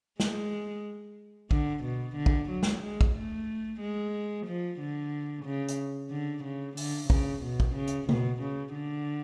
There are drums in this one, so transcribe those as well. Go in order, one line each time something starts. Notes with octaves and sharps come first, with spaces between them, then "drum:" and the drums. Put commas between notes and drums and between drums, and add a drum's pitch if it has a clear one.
G#3, drum: snare
D3, drum: kick
B2
D3
drum: kick
F#3
drum: snare
G#3
drum: kick
A3
G#3
F3
D3
C#3
drum: hi-hat
D3
C#3
D3, drum: open hi-hat
C#3, drum: kick
B2
drum: kick
C#3
drum: hi-hat
B2, drum: tom C#3
C#3
D3